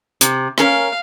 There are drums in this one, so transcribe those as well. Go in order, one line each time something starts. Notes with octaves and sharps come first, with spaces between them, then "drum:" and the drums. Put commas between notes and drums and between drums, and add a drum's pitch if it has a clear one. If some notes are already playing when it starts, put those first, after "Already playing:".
C3, drum: hi-hat
C#4 A4 A#4 F5, drum: rim click